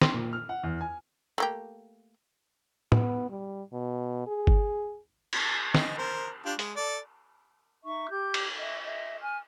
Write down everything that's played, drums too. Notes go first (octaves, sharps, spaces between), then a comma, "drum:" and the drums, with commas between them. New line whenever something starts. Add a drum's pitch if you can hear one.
C6, drum: snare
A#2
F6
F#5
E2
G#5
A3 A#3 G4
B3, drum: tom
G3
B2
G#4
drum: kick G1
drum: cymbal
D#5, drum: snare
A#4 C5
D4 F4 G4
G#3, drum: hi-hat
A4 D5
D#4 E5 C#6
G4 G6
drum: cymbal
D#5 E5
D#5 E5
G#5 F6